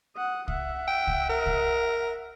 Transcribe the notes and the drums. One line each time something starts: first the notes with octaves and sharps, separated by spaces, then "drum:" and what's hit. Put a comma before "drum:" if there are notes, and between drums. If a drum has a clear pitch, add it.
F#5 D#6
E5 F#5, drum: kick C2
G5
drum: kick C2
A#4
drum: kick C2